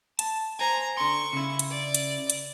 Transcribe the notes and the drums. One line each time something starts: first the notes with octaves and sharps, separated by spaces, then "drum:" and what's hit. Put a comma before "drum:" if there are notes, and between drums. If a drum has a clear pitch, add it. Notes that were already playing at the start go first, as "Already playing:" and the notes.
A5, drum: hi-hat
C5 G#5 A#5
D3 C6 C#6
C#3 E4
drum: hi-hat
D5
drum: hi-hat
drum: hi-hat